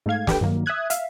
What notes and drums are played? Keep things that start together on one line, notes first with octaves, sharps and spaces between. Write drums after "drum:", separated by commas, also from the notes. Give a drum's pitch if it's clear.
G#2 A3 F5 G#6
D4 G4 A4 B4 G5, drum: snare
G2 D#3 F#3 A#3
E5 D#6 F#6 G#6
E5 F5, drum: hi-hat